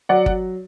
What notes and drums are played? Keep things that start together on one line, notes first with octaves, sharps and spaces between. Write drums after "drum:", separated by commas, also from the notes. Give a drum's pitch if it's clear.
F#3 D5 F#5
F#3, drum: kick G1